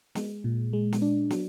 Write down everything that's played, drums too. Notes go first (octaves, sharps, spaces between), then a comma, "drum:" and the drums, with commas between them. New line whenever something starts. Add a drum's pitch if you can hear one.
G#3, drum: snare
A#2
G#3
drum: snare
D4
F#3, drum: snare